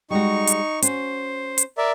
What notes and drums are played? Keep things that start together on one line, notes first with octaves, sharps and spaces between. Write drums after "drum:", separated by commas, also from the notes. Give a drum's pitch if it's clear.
G3 G#3 D#4 F#4 C#6
drum: hi-hat
C#4 F#4 C5, drum: hi-hat
drum: hi-hat
A#4 D5 E5